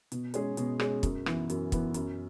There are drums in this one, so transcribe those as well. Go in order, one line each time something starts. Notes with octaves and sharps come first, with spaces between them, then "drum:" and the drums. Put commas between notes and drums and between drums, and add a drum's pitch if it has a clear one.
B2, drum: hi-hat
G#3 C#4 G#4, drum: hi-hat
B2, drum: hi-hat
G#3 C#4 G#4, drum: rim click
F#2, drum: kick, hi-hat
E3 B3, drum: rim click
F#2, drum: hi-hat
E3 B3, drum: kick, hi-hat
F#2, drum: hi-hat